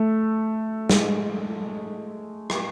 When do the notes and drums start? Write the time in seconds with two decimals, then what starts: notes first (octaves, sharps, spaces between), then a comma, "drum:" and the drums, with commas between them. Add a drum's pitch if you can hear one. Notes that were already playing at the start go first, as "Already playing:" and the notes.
Already playing: A3
0.90 G#3, drum: snare
2.50 drum: rim click